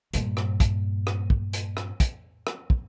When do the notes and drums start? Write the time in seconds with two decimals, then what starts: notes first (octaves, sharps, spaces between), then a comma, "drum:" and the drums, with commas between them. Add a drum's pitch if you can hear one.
0.14 G2 A#2, drum: hi-hat
0.37 drum: rim click
0.60 drum: kick, hi-hat
1.07 drum: rim click
1.30 drum: kick
1.53 drum: hi-hat
1.77 drum: rim click
2.00 drum: kick, hi-hat
2.47 drum: rim click
2.70 drum: kick